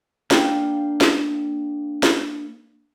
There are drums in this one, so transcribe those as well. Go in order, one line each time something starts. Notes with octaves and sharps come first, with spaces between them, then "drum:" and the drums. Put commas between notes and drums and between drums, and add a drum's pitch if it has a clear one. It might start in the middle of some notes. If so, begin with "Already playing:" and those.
A#3 D4 F5 G5, drum: snare
drum: snare
drum: snare